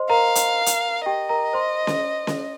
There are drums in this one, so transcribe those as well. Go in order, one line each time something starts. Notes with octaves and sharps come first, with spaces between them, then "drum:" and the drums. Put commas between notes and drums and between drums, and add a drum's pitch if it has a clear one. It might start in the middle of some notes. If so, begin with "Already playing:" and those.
Already playing: C5 D#5 C6
A#4 F5 A#5
drum: hi-hat
drum: hi-hat
G4 D#5 G5
A#4 A#5
C5 C6
drum: snare C#4
drum: snare C#4